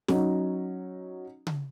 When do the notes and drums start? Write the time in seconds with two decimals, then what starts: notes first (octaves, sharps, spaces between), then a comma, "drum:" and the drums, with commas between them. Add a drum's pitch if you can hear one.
0.08 F#3 C#4 D#4, drum: snare
1.47 drum: tom C#3